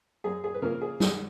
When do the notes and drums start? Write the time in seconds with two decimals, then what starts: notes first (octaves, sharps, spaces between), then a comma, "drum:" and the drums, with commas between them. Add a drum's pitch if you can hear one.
0.24 F#2 G#4
0.44 G#4
0.54 B4
0.62 C#3 F3 A#3 C#4 A#4
0.82 G#4
1.00 F#2 G#4, drum: snare